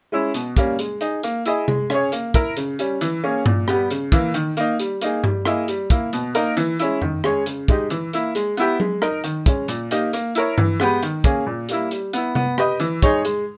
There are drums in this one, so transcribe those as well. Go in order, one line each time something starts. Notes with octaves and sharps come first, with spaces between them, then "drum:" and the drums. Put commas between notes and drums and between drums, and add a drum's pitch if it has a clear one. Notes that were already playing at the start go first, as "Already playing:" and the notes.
G#3 C#4 E4
B2, drum: hi-hat
G3 A#3 C#4, drum: kick, hi-hat
G#3, drum: hi-hat
D#4 G#4, drum: hi-hat
A#3, drum: hi-hat
E4 G#4 D#5, drum: hi-hat
G#3, drum: tom C3
C#4 G#4 C#5, drum: rim click
A#3, drum: hi-hat
E4 A#4, drum: kick, hi-hat
C#3, drum: hi-hat
G3 C#4, drum: hi-hat
E3, drum: hi-hat
A#3 C#4 G#4 C#5
A#2, drum: tom G2
G3 B3 G4, drum: rim click
C#3, drum: hi-hat
E3 A#3, drum: kick, hi-hat
D#3, drum: hi-hat
A#3 D#4, drum: hi-hat
G3, drum: hi-hat
A#3 D#4 G#4, drum: hi-hat
G3, drum: tom G2
A#3 E4 G#4 D#5, drum: rim click
G3, drum: hi-hat
A#3 E4, drum: kick, hi-hat
B2, drum: hi-hat
A#3 D#4 A#4, drum: hi-hat
E3, drum: hi-hat
G#3 C#4 E4, drum: hi-hat
D#3, drum: tom F2
G#3 C#4 G#4 C#5, drum: rim click
C#3, drum: hi-hat
G#3 D#4 G4, drum: kick, hi-hat
E3, drum: hi-hat
A#3 E4, drum: hi-hat
G#3, drum: hi-hat
B3 E4 G4, drum: hi-hat
G#3, drum: tom F#3
D#4 A#4, drum: rim click
D#3, drum: hi-hat
G#3 C#4, drum: kick, hi-hat
A#2, drum: hi-hat
A#3 D#4 G4, drum: hi-hat
A#3, drum: hi-hat
E4 A#4 C#5, drum: hi-hat
E3, drum: tom G2
G#3 B3 G4 B4, drum: rim click
D#3, drum: hi-hat
A#3 C#4 G#4, drum: kick, hi-hat
A#2
G3 A#3 E4, drum: hi-hat
G3, drum: hi-hat
B3 E4, drum: hi-hat
B3, drum: tom C3
G4 B4 D#5, drum: rim click
E3, drum: hi-hat
G#3 D#4 G#4 C#5, drum: kick, hi-hat
G#3, drum: hi-hat